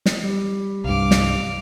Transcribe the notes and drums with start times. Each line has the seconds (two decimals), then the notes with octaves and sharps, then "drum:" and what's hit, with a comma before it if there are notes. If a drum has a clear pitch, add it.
0.06 drum: snare
0.23 G3
0.84 C2 G2 F5 D6
1.11 drum: snare